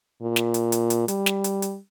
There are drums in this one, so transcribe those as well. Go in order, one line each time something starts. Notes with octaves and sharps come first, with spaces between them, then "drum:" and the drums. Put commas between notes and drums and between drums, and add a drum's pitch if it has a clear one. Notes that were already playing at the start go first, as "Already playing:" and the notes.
A#2
drum: snare
drum: hi-hat
drum: hi-hat
drum: hi-hat
G3, drum: hi-hat
drum: snare
drum: hi-hat
drum: hi-hat